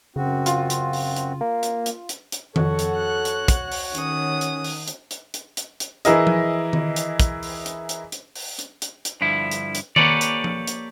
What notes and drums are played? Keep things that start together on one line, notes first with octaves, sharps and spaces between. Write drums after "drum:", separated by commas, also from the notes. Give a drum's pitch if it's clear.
F#2 C#3 C4 F#4
F4, drum: hi-hat
drum: hi-hat
drum: open hi-hat
drum: hi-hat
A#3
drum: hi-hat
drum: hi-hat
drum: hi-hat
drum: hi-hat
F2 F#4 A4 C#5 F#5, drum: tom D#3
drum: hi-hat
F#6
drum: hi-hat
drum: kick, hi-hat
drum: open hi-hat
D#3 C#4 D#6, drum: hi-hat
drum: hi-hat
drum: open hi-hat
drum: hi-hat
drum: hi-hat
drum: hi-hat
drum: hi-hat
drum: hi-hat
E3 E4 G#4 A#4 D#5, drum: hi-hat
drum: tom F3
drum: tom D#3
drum: hi-hat
drum: kick, hi-hat
drum: open hi-hat
drum: hi-hat
drum: hi-hat
drum: hi-hat
drum: open hi-hat
drum: hi-hat
drum: hi-hat
drum: hi-hat
G2 D3 F3 E4
drum: hi-hat
drum: hi-hat
A#3 G4 A4 B4 C#5 D5, drum: tom D#3
drum: hi-hat
drum: tom F3
drum: hi-hat